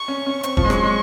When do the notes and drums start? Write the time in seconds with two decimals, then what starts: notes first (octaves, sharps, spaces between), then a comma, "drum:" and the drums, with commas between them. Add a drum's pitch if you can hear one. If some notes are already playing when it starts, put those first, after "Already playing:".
Already playing: C#6
0.08 C#4
0.26 C#4
0.43 C4 C#6, drum: hi-hat
0.57 F3, drum: kick
0.65 G#3
0.70 F#3, drum: rim click
0.83 G#3